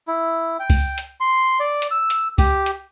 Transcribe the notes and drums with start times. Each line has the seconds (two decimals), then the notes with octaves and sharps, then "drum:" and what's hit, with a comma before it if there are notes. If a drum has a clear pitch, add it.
0.08 E4
0.59 G5
0.70 drum: kick C#2, open hi-hat
0.98 drum: hi-hat
1.20 C6
1.60 D5
1.82 drum: hi-hat
1.91 E6
2.10 drum: hi-hat
2.38 G4, drum: kick C#2, open hi-hat
2.66 drum: hi-hat